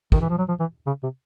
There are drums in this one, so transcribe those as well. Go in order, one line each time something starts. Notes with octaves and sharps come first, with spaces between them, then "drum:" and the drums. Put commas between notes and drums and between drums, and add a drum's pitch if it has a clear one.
D#3, drum: kick
E3
F3
F#3
F3
E3
C#3
C3